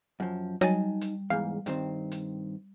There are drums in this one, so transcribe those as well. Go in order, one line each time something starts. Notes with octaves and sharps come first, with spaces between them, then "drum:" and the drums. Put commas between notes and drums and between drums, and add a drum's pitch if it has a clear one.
F#2 F3
F#3 G3 D#4 G#5 A5, drum: snare
drum: hi-hat
E2 G#2 F5
G2 D#3 C4, drum: hi-hat
drum: hi-hat